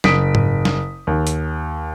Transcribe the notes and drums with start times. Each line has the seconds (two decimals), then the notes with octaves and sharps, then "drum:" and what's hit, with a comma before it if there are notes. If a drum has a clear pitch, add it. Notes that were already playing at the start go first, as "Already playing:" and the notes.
0.04 F#1 D#6 B6 D7, drum: snare
0.35 drum: tom G#2
0.65 drum: snare
1.07 D#2
1.27 drum: hi-hat